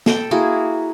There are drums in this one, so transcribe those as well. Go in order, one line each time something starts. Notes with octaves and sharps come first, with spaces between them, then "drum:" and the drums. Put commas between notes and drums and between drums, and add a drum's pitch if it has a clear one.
A4 G5, drum: snare
A#3 E4 F#4 G#4